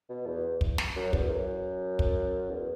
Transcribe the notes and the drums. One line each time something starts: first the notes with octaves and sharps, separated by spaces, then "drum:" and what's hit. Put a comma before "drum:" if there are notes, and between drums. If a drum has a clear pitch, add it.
B2
E2
drum: kick
drum: snare
F#2
E2, drum: kick
F#2
drum: kick
E2